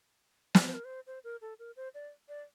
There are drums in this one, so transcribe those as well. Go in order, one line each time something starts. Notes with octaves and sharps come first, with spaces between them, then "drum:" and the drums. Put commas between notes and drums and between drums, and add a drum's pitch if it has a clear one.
D5, drum: snare
C5
A#4
C5
C5
A#4
A4
A#4
C5
D5
D5